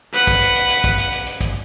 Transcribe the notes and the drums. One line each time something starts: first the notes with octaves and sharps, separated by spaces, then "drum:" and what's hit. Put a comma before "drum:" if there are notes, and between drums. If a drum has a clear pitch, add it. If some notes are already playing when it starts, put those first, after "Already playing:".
B4 F#5, drum: hi-hat
drum: kick, hi-hat
drum: hi-hat
drum: hi-hat
drum: hi-hat
drum: kick, hi-hat
drum: hi-hat
drum: hi-hat
drum: hi-hat
drum: kick, hi-hat